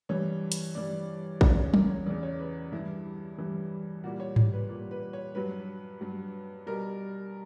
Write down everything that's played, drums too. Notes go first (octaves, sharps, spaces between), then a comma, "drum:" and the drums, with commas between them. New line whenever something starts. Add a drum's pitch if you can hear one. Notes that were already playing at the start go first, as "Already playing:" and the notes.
G2 E3 G3 C#5
drum: hi-hat
G2 E3 G3 D5
E2 C#3 E3 D5, drum: kick
C#5
A#4, drum: tom F#3
C#5
E2 C#3 E3 D5
C#5
B4
G2 E3 G3 E4
G2 E3 G3
A#2 G3 F#4
C#5
C#5, drum: tom G#2
B4
A#2 G3
B4
C#5
G2 F#3 B4
G2 F#3
B2 G3 A#4